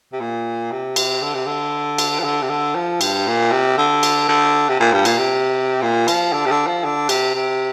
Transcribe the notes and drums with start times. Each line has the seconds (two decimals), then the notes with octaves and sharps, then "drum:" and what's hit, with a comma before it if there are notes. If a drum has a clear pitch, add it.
0.12 C3
0.20 A#2
0.71 C3
0.96 drum: cymbal
1.22 D3
1.35 C3
1.46 D3
1.98 drum: cymbal
2.19 F3
2.24 D3
2.42 C3
2.49 D3
2.75 F3
3.01 G2, drum: cymbal
3.27 A#2
3.51 C3
3.78 D3
4.03 drum: cymbal
4.28 D3
4.69 C3
4.80 A#2
4.92 G2
5.05 A#2, drum: cymbal
5.18 C3
5.82 A#2
6.08 F3, drum: cymbal
6.33 D3
6.46 C3
6.50 D3
6.67 F3
6.84 D3
7.09 C3, drum: cymbal
7.35 C3